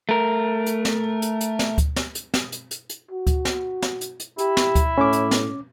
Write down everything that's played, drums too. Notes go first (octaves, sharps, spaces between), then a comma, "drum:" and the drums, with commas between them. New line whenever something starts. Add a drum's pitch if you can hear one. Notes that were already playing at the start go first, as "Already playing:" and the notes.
A3 A#4
drum: hi-hat
drum: snare
drum: hi-hat
drum: hi-hat
drum: snare
drum: kick D2, hi-hat
drum: snare
drum: hi-hat
drum: snare
drum: hi-hat
drum: hi-hat
drum: hi-hat
F#4
drum: kick D2, hi-hat
drum: snare
drum: snare
drum: hi-hat
drum: hi-hat
E4 G4, drum: hi-hat
drum: snare
drum: kick D2, hi-hat
A2 C#4 D6
drum: hi-hat
drum: snare